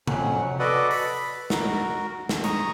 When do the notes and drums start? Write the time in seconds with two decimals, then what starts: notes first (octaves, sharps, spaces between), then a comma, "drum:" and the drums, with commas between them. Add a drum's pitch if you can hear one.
0.07 F2 F#3 C#4 F#5, drum: tom C3
0.59 F#4 A4 B4 D5 D#5 F#5
0.91 B5, drum: open hi-hat
1.50 F#4 A#4, drum: snare
2.29 drum: snare
2.44 A#5 C#6 D#6, drum: hi-hat